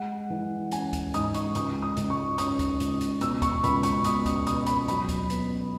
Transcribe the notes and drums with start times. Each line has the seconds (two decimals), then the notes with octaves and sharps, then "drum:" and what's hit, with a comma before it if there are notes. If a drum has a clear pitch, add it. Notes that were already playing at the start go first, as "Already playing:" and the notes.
Already playing: G#3 F#5
0.30 E3
0.71 C#4 G#5, drum: hi-hat
0.93 drum: kick D2, hi-hat
1.14 G#2 D#6, drum: hi-hat
1.34 C#6, drum: hi-hat
1.55 C#2 D#6, drum: hi-hat
1.82 D#6
1.97 C#2, drum: hi-hat
2.10 C#6
2.38 C#4 D#6, drum: hi-hat
2.59 drum: kick D2, hi-hat
2.80 C#2, drum: hi-hat
3.01 drum: hi-hat
3.21 B2 E6, drum: hi-hat
3.42 C#6, drum: kick D2, hi-hat
3.64 C#2 B5, drum: hi-hat
3.83 C#6, drum: hi-hat
4.04 B2 D#6, drum: hi-hat
4.26 D#6, drum: kick D2, hi-hat
4.47 B2 D#6, drum: hi-hat
4.66 B5, drum: hi-hat
4.88 F#3 B5, drum: hi-hat
5.09 drum: kick D2, hi-hat
5.30 B3, drum: hi-hat